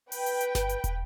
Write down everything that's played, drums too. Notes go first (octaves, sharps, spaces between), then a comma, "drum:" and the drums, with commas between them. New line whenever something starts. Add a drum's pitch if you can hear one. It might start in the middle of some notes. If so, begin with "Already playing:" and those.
B4 G5, drum: open hi-hat
drum: hi-hat
drum: hi-hat
drum: snare G1
drum: hi-hat
drum: kick, hi-hat